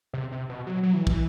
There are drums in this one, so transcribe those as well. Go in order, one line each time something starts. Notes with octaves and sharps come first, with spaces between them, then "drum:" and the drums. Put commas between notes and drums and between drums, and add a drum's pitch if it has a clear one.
C3
C3
B2
F#3
F#3
E3
drum: kick